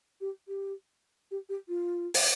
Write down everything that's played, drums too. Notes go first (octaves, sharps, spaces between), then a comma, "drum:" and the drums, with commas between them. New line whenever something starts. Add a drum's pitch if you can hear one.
G4
G4
G4
G4
F4
drum: open hi-hat